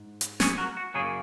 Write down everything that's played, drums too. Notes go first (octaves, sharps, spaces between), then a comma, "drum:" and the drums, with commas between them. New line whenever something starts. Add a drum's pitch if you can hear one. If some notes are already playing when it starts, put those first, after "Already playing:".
Already playing: G#2
drum: hi-hat
G#4 C#5, drum: snare
F#4 A#4
F#4
F#2 C#3 A#3 C#4 D#4 G#4